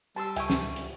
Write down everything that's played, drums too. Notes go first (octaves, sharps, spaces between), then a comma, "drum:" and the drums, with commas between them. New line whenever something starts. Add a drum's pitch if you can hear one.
G3 A5 C6 E6
C#2 E5 G5 G#5 C#6, drum: hi-hat
drum: snare
drum: hi-hat